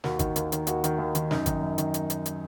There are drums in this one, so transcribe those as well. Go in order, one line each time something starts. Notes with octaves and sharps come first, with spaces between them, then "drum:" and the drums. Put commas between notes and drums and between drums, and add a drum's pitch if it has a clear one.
D#2 F#4, drum: snare
D#3, drum: kick G#1, hi-hat
D#2, drum: hi-hat
D#3, drum: hi-hat
D#2 F#4, drum: hi-hat
D#3, drum: hi-hat
D#2
D#3, drum: hi-hat
F#2 D#4, drum: snare
D#3, drum: kick G#1, hi-hat
F#2
D#3, drum: hi-hat
drum: hi-hat
drum: hi-hat
drum: hi-hat